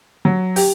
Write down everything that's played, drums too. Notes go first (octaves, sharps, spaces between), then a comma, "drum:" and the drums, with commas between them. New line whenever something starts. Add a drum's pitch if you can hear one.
F#3
G4, drum: open hi-hat